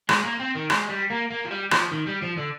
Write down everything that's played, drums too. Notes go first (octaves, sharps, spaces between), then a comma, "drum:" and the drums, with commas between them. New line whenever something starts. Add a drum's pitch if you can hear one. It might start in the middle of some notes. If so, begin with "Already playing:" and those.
G#3, drum: rim click
A#3
C4
D#3
G#3, drum: rim click
G3
A#3
A#3
F3
G3
F3, drum: rim click
D#3
G3
F3
D3